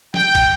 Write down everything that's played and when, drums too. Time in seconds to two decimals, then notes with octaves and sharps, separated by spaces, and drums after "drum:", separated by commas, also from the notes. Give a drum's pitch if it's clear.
0.14 G5, drum: snare
0.35 drum: kick, cymbal